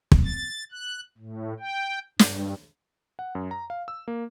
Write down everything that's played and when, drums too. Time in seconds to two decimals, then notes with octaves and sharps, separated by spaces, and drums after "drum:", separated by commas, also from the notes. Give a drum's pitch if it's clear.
0.12 drum: kick
0.24 A6
0.72 F#6
1.18 A2
1.59 G5
2.19 G2, drum: snare
3.19 F#5
3.35 F#2
3.51 A#5
3.70 F5
3.88 E6
4.08 A#3